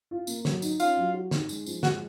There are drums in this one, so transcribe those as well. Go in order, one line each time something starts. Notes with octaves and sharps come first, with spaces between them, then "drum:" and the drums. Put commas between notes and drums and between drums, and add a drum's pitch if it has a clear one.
F4
A#3, drum: tambourine
F#3, drum: snare
D#4, drum: tambourine
C#4 F4, drum: tambourine
F#3
F#4
D#4, drum: snare
G#3, drum: tambourine
F3, drum: tambourine
G#3 F#4, drum: snare